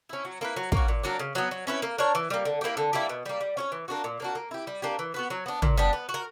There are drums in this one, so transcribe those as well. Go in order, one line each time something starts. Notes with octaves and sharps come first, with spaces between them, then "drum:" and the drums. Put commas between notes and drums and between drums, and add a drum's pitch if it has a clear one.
C#4 E4
F#3
A#3 E4 B4
F#3
A#3 C#4 F#4, drum: kick
A#2
F#3 A#3 D4
C#3
F#3 B3
F#3
C#4 E4 B4
A#3
D4 A#4 C#5
E3
G3 A#3
D3
A#3 E4 G4
D3
G3 A#3 E4
B2
G3 A#3
G3
C#4 F#4 C#5
E3
A#3 D4 F#4
A#2
A#3 D4 F#4
A#3
E4 G4
G3
A#3 D4 G4
E3
B3 F#4 B4
F#3
B3 D4
A#2, drum: tom
G3 B3 D4
B3
F#4
A#4